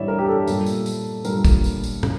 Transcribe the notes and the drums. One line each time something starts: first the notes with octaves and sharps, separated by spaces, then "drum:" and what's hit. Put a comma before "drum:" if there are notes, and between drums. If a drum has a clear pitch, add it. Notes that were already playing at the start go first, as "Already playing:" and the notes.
Already playing: A2 E3 G3 C#5 D5 E5
A#4
G4
A4
A#2 G3, drum: tambourine
drum: tambourine
drum: tambourine
A#2 G3 A#4, drum: tambourine
drum: kick, tambourine
drum: tambourine
drum: tambourine
C#3, drum: tom